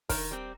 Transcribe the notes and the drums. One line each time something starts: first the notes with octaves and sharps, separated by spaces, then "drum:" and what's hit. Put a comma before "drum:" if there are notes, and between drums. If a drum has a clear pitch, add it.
D#3 A#4, drum: kick, open hi-hat
G3 C4